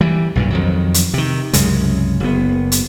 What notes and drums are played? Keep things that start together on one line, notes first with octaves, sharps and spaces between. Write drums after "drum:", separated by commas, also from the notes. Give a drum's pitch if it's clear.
E3 G3
B1 G2 A#2
F2 D#3 F#3
drum: hi-hat
C3 D#3
C2 F#2 C#3 G#3, drum: hi-hat
F#1 B3
drum: hi-hat